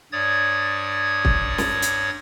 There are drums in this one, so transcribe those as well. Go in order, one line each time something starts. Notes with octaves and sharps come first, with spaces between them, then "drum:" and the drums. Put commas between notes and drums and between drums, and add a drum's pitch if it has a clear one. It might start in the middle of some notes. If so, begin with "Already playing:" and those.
G2 C#5 D5 D#6 G#6 A6
drum: kick
drum: snare
drum: hi-hat